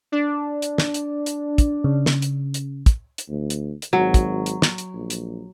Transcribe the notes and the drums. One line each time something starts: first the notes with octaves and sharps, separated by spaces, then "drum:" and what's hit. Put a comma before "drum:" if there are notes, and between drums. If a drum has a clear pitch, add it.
D4
drum: hi-hat
drum: snare
drum: hi-hat
drum: hi-hat
drum: kick, hi-hat
C#3
drum: snare
drum: hi-hat
drum: hi-hat
drum: kick, hi-hat
drum: hi-hat
D2
drum: hi-hat
drum: hi-hat
G#1 F#3
drum: kick, hi-hat
drum: hi-hat
drum: snare
drum: hi-hat
A#1
drum: hi-hat